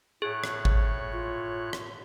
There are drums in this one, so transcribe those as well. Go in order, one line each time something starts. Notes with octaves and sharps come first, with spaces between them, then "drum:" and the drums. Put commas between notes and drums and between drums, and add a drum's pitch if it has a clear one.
A2 G#4 C#5 F#6
drum: rim click
drum: kick G#1
F4
drum: rim click